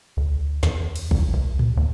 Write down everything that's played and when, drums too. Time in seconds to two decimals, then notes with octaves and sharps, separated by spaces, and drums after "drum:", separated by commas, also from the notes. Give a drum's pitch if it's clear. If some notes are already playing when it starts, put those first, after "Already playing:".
0.17 D2
0.63 E2, drum: snare
0.96 drum: cymbal
1.11 D#2, drum: kick G#1
1.33 C#2
1.59 drum: tom A2
1.77 D#2